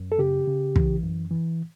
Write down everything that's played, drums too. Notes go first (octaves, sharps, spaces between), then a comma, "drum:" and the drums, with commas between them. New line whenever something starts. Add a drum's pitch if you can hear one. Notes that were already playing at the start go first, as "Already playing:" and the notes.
Already playing: F#2
A4
C#3 G4
C#3
E3, drum: kick
F#2
E3